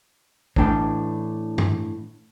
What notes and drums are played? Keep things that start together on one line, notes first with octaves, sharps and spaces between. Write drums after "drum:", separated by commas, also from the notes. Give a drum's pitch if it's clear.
A2 E3 D4 G5, drum: kick
drum: tom G2